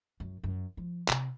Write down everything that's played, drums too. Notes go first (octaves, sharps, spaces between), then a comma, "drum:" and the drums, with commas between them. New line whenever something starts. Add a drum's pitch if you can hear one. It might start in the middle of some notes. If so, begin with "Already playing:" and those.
F#2
F#2
F3
C3, drum: clap